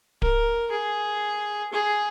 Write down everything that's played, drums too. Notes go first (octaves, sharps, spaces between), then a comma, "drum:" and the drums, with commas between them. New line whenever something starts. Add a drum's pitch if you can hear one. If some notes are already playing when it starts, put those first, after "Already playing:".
A#4, drum: kick D1
G#4
G#4